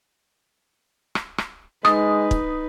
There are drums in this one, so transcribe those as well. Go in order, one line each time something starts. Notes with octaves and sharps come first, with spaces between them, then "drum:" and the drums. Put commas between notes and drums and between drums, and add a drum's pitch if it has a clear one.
drum: rim click
drum: rim click
G#3 D#4 B4 D#6, drum: rim click
drum: kick